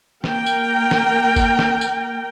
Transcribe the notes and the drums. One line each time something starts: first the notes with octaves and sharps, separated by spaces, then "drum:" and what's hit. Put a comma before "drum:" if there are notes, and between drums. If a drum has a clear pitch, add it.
A#3 A#4 G5, drum: snare
drum: tambourine
drum: snare
drum: kick, tambourine
drum: snare
drum: tambourine